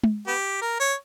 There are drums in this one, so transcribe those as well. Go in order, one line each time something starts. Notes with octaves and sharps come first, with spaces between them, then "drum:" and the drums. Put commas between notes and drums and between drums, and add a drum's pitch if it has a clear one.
drum: tom G#3
B3 G4
A#4
C#5